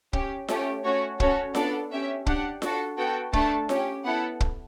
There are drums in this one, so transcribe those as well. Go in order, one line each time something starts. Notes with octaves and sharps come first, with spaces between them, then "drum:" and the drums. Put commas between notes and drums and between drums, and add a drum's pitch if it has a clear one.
C#4 G4, drum: kick
A3 C#4 G4, drum: snare F4
A3 C#4 F#4 C#5
C#4 F#4 A4 C#5, drum: kick
B3 D4 A4 D5, drum: snare F4
C#4 G4 E5
D4 G4 F#5, drum: kick
D4 F#4 A4, drum: snare F4
B3 F#4 A4 G5
A3 D4 A4 A5, drum: kick
C#4 G4, drum: snare F4
B3 E4 A4 F#5
drum: kick